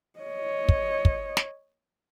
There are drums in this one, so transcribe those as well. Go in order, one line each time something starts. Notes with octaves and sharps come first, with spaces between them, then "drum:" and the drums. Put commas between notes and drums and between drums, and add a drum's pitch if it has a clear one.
C#5 D#5
drum: kick
drum: kick
drum: snare